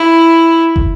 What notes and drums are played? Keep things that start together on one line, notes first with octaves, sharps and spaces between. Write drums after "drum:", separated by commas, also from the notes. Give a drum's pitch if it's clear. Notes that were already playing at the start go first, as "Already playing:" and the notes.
Already playing: E4
drum: kick